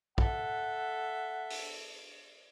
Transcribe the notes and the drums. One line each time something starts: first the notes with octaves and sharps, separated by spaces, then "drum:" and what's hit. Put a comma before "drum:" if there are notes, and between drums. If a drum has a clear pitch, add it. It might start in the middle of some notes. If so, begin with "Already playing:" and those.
A4 E5 F#5, drum: kick
drum: open hi-hat